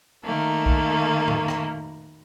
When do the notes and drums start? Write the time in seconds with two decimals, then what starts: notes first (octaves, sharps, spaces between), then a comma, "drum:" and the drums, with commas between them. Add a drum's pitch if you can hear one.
0.25 D#3 A3 A#3
0.66 drum: kick
1.28 drum: tom A2
1.48 drum: rim click